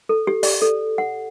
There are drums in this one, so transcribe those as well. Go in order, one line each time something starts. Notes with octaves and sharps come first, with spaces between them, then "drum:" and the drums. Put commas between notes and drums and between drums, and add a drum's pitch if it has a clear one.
A4
G4
D5, drum: open hi-hat
A4
F#5